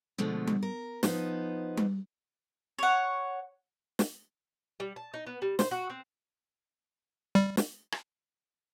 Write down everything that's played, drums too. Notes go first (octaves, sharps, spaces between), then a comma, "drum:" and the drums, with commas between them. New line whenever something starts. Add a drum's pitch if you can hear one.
B2 D3 F3 G#3 A3
drum: tom G3
A#4
F3 B3 D#4 C5, drum: snare
drum: tom G3
C#5 F#5
drum: snare
G3
A5
D#4
B3
G3
C5, drum: snare
F#4
C4
G3
drum: snare
drum: rim click